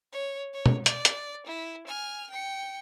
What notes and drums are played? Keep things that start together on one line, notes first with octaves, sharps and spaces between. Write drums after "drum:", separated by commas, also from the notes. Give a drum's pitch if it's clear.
C#5
C#5
drum: tom B2
D5, drum: hi-hat
drum: hi-hat
E4
G#5 F6
G5 C#7